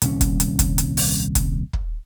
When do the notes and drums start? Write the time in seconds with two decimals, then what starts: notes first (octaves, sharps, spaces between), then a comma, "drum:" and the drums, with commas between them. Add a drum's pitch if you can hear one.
0.02 D#1 C2 C#4, drum: hi-hat
0.21 drum: kick, hi-hat
0.40 drum: hi-hat
0.59 drum: kick, hi-hat
0.78 drum: hi-hat
0.97 drum: open hi-hat
1.35 drum: kick, hi-hat
1.73 drum: kick